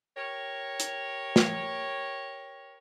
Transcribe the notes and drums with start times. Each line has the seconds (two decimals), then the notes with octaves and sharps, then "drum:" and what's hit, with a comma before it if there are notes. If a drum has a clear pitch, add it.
0.17 G4 A#4 C#5
0.80 drum: hi-hat
1.36 drum: snare